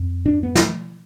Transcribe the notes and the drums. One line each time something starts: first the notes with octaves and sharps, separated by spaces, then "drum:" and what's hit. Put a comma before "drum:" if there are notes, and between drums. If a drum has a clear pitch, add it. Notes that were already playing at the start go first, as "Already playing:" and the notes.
Already playing: F2
G#2 D4
B3
drum: snare